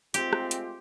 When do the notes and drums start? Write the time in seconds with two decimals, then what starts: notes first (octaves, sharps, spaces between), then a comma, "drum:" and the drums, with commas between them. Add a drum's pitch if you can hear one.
0.14 G#3 A3 C4 F4 G4, drum: hi-hat
0.33 drum: rim click
0.51 drum: hi-hat